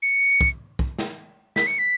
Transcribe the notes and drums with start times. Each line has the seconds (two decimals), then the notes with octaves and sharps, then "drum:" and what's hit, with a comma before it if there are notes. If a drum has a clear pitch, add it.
0.02 C#7
0.41 drum: kick
0.79 drum: kick
0.99 drum: snare
1.56 B6, drum: snare
1.67 C#7
1.79 B6